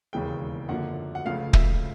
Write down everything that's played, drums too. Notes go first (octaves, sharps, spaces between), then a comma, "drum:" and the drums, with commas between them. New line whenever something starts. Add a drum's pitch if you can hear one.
E1 D#2 C#3 E3 G#3 G5
F#2 D3 F3 A#3 F#5
F#5
C#2 C#3 F3 A3 F5
E5, drum: kick